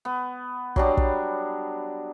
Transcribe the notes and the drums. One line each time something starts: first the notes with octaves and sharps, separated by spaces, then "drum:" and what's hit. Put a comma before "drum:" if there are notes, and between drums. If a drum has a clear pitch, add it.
B3
F#3 G3 D4, drum: kick
drum: kick